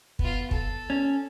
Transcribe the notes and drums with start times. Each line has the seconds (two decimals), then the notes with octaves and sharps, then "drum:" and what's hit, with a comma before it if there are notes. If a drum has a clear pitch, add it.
0.19 B3 F4, drum: kick
0.51 A4, drum: kick
0.90 C#4